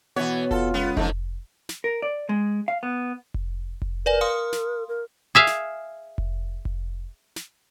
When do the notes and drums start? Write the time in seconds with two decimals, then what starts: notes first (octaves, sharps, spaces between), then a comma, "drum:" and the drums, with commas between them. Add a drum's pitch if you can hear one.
0.16 B2 E3 B3 F#4 C#5
0.51 F4 A4, drum: kick F1
0.74 C#2 B3
0.97 E3 F3 D#4 A4, drum: kick F1
1.69 drum: snare
1.84 A#4
2.02 D5
2.29 G#3
2.68 F5
2.83 B3
3.34 drum: kick F1
3.82 drum: kick F1
4.06 A#4 B4 D5 G#5
4.21 F5 C6 D#6
4.53 drum: snare
4.88 A#4
5.35 G#4 E5 F5
5.47 drum: snare
6.18 drum: kick F1
6.65 drum: kick F1
7.36 drum: snare